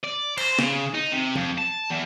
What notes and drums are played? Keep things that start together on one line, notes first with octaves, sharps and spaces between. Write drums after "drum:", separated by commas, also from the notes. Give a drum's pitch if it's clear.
D5
C5, drum: cymbal
C#3, drum: snare
D#4
C3
F2, drum: tom
A5
E2